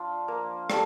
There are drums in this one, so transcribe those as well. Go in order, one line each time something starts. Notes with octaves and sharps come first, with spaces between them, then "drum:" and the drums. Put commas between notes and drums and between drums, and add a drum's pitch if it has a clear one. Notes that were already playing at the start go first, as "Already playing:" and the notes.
Already playing: F3 D4 F4
A#3
G3 A4, drum: rim click